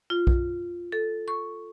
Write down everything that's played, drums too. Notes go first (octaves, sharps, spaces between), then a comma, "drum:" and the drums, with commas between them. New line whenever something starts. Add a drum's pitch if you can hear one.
F4
drum: kick B1
A4
C#6